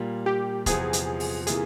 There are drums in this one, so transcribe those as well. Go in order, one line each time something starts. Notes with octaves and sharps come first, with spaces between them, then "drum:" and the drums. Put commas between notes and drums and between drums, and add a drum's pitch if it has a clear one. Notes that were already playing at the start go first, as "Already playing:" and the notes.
Already playing: A#2 G3 A#3 F4
G4
E2 C3 F3 C4 G#4, drum: kick, hi-hat
drum: hi-hat
drum: open hi-hat
C3 E3 A#3 F4 G#4, drum: hi-hat